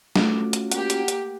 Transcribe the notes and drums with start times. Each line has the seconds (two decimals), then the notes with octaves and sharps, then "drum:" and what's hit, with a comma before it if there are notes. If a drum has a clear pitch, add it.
0.16 A3 C#4 F4 F#4 D6, drum: snare
0.53 drum: hi-hat
0.72 A#3 G4 F#5, drum: hi-hat
0.90 drum: hi-hat
1.08 drum: hi-hat